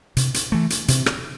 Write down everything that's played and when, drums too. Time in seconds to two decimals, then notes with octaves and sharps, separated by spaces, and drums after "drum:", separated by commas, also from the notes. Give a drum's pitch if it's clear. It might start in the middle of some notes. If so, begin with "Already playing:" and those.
0.17 C3, drum: hi-hat
0.34 drum: hi-hat
0.52 E3 A3
0.70 drum: hi-hat
0.88 C3, drum: hi-hat
1.06 drum: rim click